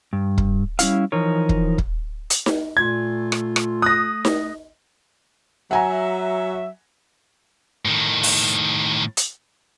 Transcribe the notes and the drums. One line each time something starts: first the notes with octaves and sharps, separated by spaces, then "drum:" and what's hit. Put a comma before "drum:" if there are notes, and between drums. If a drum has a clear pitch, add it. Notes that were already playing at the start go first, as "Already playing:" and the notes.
G2
drum: kick
G3 C#4 E4 F5, drum: hi-hat
E3 F3 D#4 A#4 C#5
drum: kick
drum: kick
drum: hi-hat
drum: snare D#4
A#2 A3 F4 G#6
drum: rim click
drum: rim click
D#6 F#6 A#6
drum: snare D#4
F#3 E5 F#5 G#5 A#5
A2 D#3
drum: open hi-hat
drum: hi-hat